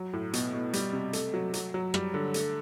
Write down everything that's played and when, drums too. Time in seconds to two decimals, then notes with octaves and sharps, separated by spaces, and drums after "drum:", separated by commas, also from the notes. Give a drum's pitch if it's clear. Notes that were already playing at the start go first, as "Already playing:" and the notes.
Already playing: F#3
0.13 A2
0.33 B2, drum: hi-hat
0.53 B2
0.73 G3, drum: hi-hat
0.93 C3
1.13 A3, drum: hi-hat
1.34 F#3
1.53 F#3, drum: hi-hat
1.74 F#3
1.94 G3, drum: rim click
2.14 D3
2.34 A3, drum: hi-hat